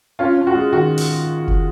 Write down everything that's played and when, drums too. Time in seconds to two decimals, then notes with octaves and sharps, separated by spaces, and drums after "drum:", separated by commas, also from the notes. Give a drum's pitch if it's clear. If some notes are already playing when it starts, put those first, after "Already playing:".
0.19 C#4 F4
0.37 C#4
0.47 F#4
0.55 G#3
0.73 D#3 F#4
0.98 drum: open hi-hat
1.48 drum: kick F1